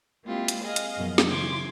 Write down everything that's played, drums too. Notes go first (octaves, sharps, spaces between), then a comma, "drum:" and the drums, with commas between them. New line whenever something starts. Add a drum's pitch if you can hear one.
G#3 A#3 C4 E4 F4 G4
drum: hi-hat
G#4 D#5 F5
drum: hi-hat
F#2 B2 F3
drum: snare
C#3 E3 C6 D6 G#6